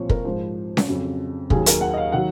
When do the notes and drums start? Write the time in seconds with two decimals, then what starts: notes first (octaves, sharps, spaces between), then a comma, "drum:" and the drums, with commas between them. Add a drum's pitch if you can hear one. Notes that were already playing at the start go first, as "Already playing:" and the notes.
Already playing: C2 A#2 F3 C5 C#5
0.09 A#4, drum: kick
0.25 G#2 F3 C5
0.77 drum: snare C#4
0.87 F2 C#3 F#3
1.50 D#2 D#3 F#3 G#4, drum: kick
1.66 A#4, drum: hi-hat
1.81 F#5
1.94 D#5
1.97 F5
2.12 D#3 F#3 F#5